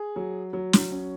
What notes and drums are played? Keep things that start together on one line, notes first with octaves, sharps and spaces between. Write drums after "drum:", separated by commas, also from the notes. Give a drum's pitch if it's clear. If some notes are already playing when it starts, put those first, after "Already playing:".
Already playing: G#4
F#3
F#3
drum: snare
C#4